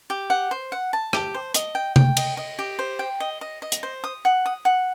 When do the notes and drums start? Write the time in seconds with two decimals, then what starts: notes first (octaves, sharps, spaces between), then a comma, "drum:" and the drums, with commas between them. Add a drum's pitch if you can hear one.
0.10 G4
0.30 F#5
0.51 C5
0.72 F#5
0.93 A5
1.13 G4, drum: rim click
1.34 C5
1.54 D#5, drum: hi-hat
1.75 G5
1.96 G5, drum: tom C3
2.17 D#5, drum: cymbal
2.37 D#5
2.59 G4
2.79 C5
2.99 G5
3.20 D#5
3.41 D#5
3.62 D#5
3.72 drum: hi-hat
3.83 C5
4.04 D#6
4.25 F#5
4.46 D#6
4.65 F#5